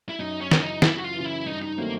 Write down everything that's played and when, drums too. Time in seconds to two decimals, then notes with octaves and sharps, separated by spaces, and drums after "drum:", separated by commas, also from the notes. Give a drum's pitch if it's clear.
0.09 E4
0.19 F#2 D#4
0.41 C#4
0.51 C#3 E3, drum: snare
0.62 D#4
0.82 F#2 E4, drum: snare
0.97 F#4
1.04 F4
1.14 C#3 E3
1.25 E4
1.46 G2 D#4
1.62 D#4
1.78 D#3 F#3 A3 A#3 C4